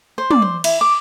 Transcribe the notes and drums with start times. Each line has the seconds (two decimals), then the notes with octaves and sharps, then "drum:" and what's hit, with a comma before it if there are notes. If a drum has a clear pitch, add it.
0.18 C5
0.31 D5, drum: tom
0.42 C5
0.64 E4, drum: cymbal
0.81 D6